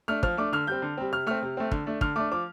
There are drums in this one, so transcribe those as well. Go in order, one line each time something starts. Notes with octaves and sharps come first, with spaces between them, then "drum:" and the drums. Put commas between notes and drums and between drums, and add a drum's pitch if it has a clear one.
A3 D4 F6
F3 F6, drum: kick
A3 D4 D6
D3 F6
G3 C4 G6
D3
G3 C4
C3 F6
A3 C4 F6
C3
A3 C4
D3, drum: kick
A3 D4
D3 F6, drum: kick
A3 D4 D6
F3 D6